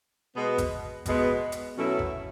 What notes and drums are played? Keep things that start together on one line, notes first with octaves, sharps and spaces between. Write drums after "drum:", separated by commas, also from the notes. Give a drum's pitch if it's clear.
B2 G#3 B3
drum: kick G#1, hi-hat
B2 G#3 B3, drum: kick G#1, hi-hat
drum: hi-hat
B2 F#3 A3 C#4 E4
drum: kick G#1